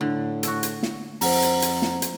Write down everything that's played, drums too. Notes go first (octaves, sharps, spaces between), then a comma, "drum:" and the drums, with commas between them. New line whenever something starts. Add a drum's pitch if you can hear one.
A2 D3
F#4 A4, drum: hi-hat
drum: hi-hat
drum: snare
F2 C5 F#5 A#5, drum: open hi-hat
drum: hi-hat
drum: hi-hat
drum: snare
drum: hi-hat